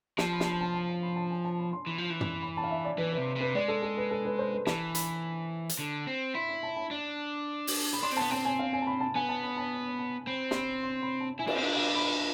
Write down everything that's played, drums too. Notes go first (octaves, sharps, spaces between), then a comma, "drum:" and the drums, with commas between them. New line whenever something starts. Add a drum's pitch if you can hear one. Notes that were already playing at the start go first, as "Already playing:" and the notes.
F3 A5, drum: snare
B5
A5, drum: snare
B5
A5
A5
A5
B5
A5
G#5
A5
B5
C6
E3
F3
E3
drum: tom
B5
A5
F5
E5
D5
E3 B4
B4
C3
C3 B4
G#3 D5
A4
A4
B4
A4
B4
C5
B4
E3 A5, drum: snare
B5, drum: hi-hat
drum: hi-hat
D3
C4
E4 C6
B5
A5
A5
D4
drum: open hi-hat
B5
D4 C6
C4
B3 A5
C4 A5
G#5
F5
G#5
A5
B5
A5
B3 G#5
A5
B5
A5
A5
C4 B5
C6, drum: snare
B5
C6
B5
A5
E4 G#5
D4, drum: cymbal
C4 F5
D4
F5
B5